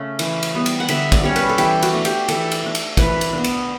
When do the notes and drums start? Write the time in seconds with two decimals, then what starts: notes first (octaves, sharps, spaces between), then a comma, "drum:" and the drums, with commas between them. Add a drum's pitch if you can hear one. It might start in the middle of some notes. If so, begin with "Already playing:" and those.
Already playing: C#3 A3
0.19 E3, drum: cymbal
0.43 drum: cymbal
0.55 G3 B3
0.66 drum: cymbal
0.80 F#5
0.88 D3 E5, drum: cymbal
1.12 D5, drum: kick, cymbal
1.23 G3 C#4 C#5
1.36 B4, drum: cymbal
1.49 A4
1.58 E3 G4, drum: cymbal
1.82 F#4, drum: cymbal
1.93 A3 D4
2.05 G4, drum: cymbal
2.29 E3 A4, drum: cymbal
2.52 drum: cymbal
2.64 A3 D4
2.75 drum: cymbal
2.97 E3 B4, drum: kick, cymbal
3.21 drum: cymbal
3.33 B3 D4
3.44 drum: cymbal